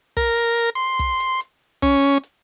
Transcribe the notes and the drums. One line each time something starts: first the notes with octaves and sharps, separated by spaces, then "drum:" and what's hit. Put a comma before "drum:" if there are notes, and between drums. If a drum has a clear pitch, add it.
A#4, drum: kick, hi-hat
drum: hi-hat
drum: hi-hat
C6
drum: kick, hi-hat
drum: hi-hat
drum: hi-hat
C#4, drum: kick, hi-hat
drum: hi-hat
drum: hi-hat